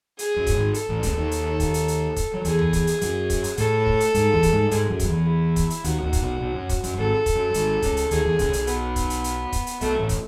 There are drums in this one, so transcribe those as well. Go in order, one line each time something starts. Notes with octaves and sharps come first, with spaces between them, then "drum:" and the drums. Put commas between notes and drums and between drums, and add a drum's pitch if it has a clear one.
G#4, drum: hi-hat
F#2
drum: kick, hi-hat
G#1 G#2
A4, drum: hi-hat
A1 A2
C#2 C#3, drum: kick, hi-hat
D#2 D#3
drum: hi-hat
drum: kick, hi-hat
drum: hi-hat
drum: hi-hat
drum: kick, hi-hat
F#3
E2 E3 G#4, drum: hi-hat
drum: tom E2
drum: kick, hi-hat
drum: hi-hat
F#2 F#3, drum: hi-hat
drum: kick, hi-hat
drum: hi-hat
A2 A3 A4, drum: hi-hat
drum: kick
drum: hi-hat
G#2 G#3, drum: hi-hat
E2 E3
drum: kick, hi-hat
G#2 G#3
G#2 G#3 G#4, drum: hi-hat
F#2 F#3
drum: kick, hi-hat
E2 E3
E4
drum: kick, hi-hat
drum: hi-hat
D#2 D#3 F#4, drum: hi-hat
D#2 D#3
drum: kick, hi-hat
B1 B2
B1 B2
F#2
drum: kick, hi-hat
F#2, drum: hi-hat
G#1 G#2 A4
drum: kick, hi-hat
F#2
G#1 G#2, drum: hi-hat
C#2 C#3, drum: kick, hi-hat
drum: hi-hat
D#2 D#3 G#4, drum: hi-hat
E2 E3
C#2 C#3, drum: kick, hi-hat
B1 B2, drum: hi-hat
B3, drum: hi-hat
drum: kick, hi-hat
drum: hi-hat
drum: hi-hat
drum: kick, hi-hat
drum: hi-hat
B1 B2 A3, drum: hi-hat
A1 A2
drum: kick, hi-hat